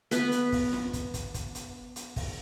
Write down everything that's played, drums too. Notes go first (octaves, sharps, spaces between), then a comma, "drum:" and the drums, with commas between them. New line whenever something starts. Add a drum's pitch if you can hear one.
B3 B4, drum: hi-hat
drum: hi-hat
drum: kick, open hi-hat
drum: snare
drum: kick, hi-hat
drum: kick, hi-hat
drum: kick, hi-hat
drum: hi-hat
drum: hi-hat
drum: kick, open hi-hat